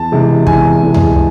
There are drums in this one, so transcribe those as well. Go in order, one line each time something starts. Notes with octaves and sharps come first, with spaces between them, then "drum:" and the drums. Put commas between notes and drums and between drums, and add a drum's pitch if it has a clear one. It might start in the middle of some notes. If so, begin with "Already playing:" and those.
Already playing: E2 A5
C3 E3 G#3
E2 G#5, drum: kick
C3 E3 G#3
drum: tom